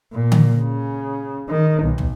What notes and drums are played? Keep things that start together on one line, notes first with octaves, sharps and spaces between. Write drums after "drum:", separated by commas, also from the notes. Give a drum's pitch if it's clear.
A#2
drum: tom D3
C#3
D#3
B1
drum: tom